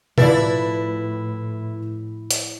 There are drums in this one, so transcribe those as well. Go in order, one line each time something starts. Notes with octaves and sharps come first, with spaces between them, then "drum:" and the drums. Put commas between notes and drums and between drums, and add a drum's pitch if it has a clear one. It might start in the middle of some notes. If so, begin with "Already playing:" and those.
A2 F3 E4 B4 D5 A6, drum: tom B2
drum: hi-hat